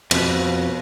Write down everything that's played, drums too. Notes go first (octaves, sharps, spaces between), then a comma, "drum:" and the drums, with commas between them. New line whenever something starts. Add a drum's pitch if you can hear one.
F2 B2, drum: cymbal